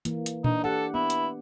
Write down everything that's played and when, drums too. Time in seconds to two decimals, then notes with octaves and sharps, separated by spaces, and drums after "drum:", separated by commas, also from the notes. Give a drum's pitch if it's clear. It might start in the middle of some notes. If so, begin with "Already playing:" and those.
0.05 E3 A#3, drum: hi-hat
0.26 drum: hi-hat
0.44 D4 D#4, drum: tom A#2
0.64 G4 A4 F#5
0.94 B3 E4
1.10 drum: hi-hat